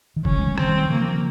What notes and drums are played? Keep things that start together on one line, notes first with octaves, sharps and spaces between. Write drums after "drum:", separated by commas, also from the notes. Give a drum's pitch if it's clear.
D#3
C#3 F3 C#4, drum: kick
G#3
D#3 G3
C4, drum: rim click
F3
D#3 G3
C#3 F3 A#3